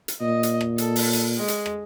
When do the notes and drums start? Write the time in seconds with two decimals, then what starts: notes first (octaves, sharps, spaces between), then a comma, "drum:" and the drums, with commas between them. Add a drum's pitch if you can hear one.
0.08 drum: hi-hat
0.21 A#2 D#5
0.43 drum: hi-hat
0.61 drum: rim click
0.78 A4, drum: hi-hat
0.96 drum: open hi-hat
1.13 drum: hi-hat
1.38 G#3
1.48 drum: hi-hat
1.66 drum: rim click